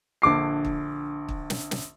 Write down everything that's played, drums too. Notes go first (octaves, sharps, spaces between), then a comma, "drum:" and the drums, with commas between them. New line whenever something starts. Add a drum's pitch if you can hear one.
A#1 D3 D6 C7
drum: kick
drum: kick
drum: snare
drum: snare